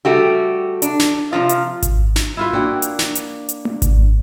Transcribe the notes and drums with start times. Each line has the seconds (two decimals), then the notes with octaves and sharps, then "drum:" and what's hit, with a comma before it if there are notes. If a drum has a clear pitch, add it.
0.05 G3 A3 F#4 G4
0.82 D4, drum: hi-hat
0.99 drum: snare
1.33 C3 D#3 F3 F4
1.49 drum: hi-hat
1.82 drum: kick G#1, hi-hat
2.16 drum: snare
2.37 E4 F4 B4
2.53 A#3 D4 F#4 G5
2.82 drum: hi-hat
2.99 drum: snare
3.15 drum: hi-hat
3.49 drum: hi-hat
3.65 drum: tom A3
3.82 drum: kick G#1, hi-hat